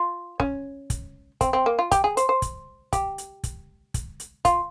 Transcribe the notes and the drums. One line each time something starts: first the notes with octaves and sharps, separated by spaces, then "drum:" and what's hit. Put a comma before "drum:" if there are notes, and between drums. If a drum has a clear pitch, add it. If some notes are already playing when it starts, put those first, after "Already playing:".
Already playing: F4
C#4, drum: kick
drum: kick, hi-hat
C4, drum: kick, hi-hat
C4
A#3
F4
G4, drum: kick, hi-hat
G#4
C5, drum: hi-hat
C5
drum: kick, hi-hat
G4, drum: kick, hi-hat
drum: hi-hat
drum: kick, hi-hat
drum: kick, hi-hat
drum: hi-hat
F4, drum: kick, hi-hat